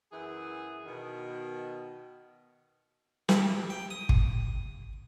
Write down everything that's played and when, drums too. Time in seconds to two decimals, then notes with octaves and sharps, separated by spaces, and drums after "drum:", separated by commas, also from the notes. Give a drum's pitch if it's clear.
0.12 F#2 E3 G#4
0.86 B2 D#3
3.29 G4, drum: snare
3.70 G5
3.90 D#6
4.09 drum: kick